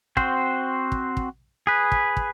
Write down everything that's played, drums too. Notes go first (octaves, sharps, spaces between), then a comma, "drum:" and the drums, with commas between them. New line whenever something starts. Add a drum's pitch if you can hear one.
C4 F#4 C5, drum: kick
drum: kick
drum: kick
G#4 B4
drum: kick
drum: kick